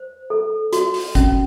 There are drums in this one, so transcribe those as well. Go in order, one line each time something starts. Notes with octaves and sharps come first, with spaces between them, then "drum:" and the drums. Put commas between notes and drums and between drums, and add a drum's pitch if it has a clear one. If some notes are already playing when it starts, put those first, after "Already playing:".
Already playing: C5
A4
F#4, drum: hi-hat
drum: open hi-hat
C#4, drum: kick, hi-hat